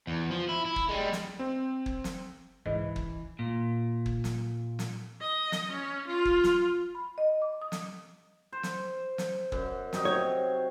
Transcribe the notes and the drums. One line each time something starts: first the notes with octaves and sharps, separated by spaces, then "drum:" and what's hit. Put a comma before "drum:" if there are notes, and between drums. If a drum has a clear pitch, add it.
E2
F3
E4
E4
drum: kick
G3 G#3
drum: snare
C4
drum: kick
drum: snare
C#2 G#2 B2 E3 D#5
drum: kick
A#2
drum: kick
drum: snare
drum: snare
D#5
drum: snare
C#4
F4
drum: kick
drum: snare
B5
D#5
D6
D#6
drum: snare
C5
drum: snare
drum: snare
F#2, drum: kick
C3 F#3 D#4, drum: snare
C#5